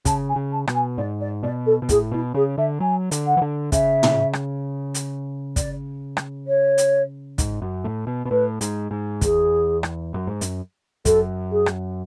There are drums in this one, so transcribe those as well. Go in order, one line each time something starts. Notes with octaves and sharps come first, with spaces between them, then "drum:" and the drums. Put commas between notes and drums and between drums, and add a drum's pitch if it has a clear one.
C#3 A5, drum: kick, hi-hat
G#5
C#3
A5
B2, drum: rim click
G#5
G#2 D5
D5
B2 D5
A4
B2
A2 G#4, drum: kick, hi-hat
B2 E4
C#3 G#4
D3 E5
F#3 G#5
D3, drum: hi-hat
F#5
E3
D3
C#3 E5, drum: kick, hi-hat
drum: tom
drum: rim click
drum: hi-hat
D5, drum: kick, hi-hat
drum: rim click
C#5
drum: hi-hat
G#2, drum: kick, hi-hat
F#2
A2
B2
B2
A2 B4
G#2, drum: hi-hat
G#2
E2 G#4, drum: kick, hi-hat
drum: rim click
F#2
G#2
F#2, drum: hi-hat
F#2 A4, drum: kick, hi-hat
G#4
drum: rim click